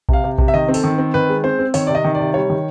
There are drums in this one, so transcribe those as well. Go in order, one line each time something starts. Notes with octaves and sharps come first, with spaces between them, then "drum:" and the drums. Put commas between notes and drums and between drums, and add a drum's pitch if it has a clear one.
C3 F5, drum: kick A#1
C3
C3, drum: kick A#1
E5
D#3 D#5
C4
A4, drum: open hi-hat
D#3
C4
D#3 B4
G#3
C4 C5
C4
D#3 C#5, drum: open hi-hat
C3 D5
D#5
D#3
D5
C3
G3 C#5
D#3